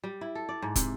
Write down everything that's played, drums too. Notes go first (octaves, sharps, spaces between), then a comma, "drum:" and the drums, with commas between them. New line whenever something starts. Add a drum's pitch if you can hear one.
G3
E4
A4
D5
G#2
C3, drum: kick, hi-hat